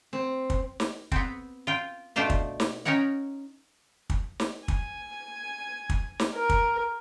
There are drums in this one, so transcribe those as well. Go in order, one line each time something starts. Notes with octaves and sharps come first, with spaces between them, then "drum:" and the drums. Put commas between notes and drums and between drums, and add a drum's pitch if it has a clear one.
C4
drum: kick
drum: snare
B3 C4, drum: kick
F4 G5
B2 A3 D4 F4 C5
drum: kick
drum: snare
C#4 D#4 A#4 C#5 F#5
drum: kick
drum: snare
G#5, drum: kick
drum: kick
drum: snare
A#4
drum: kick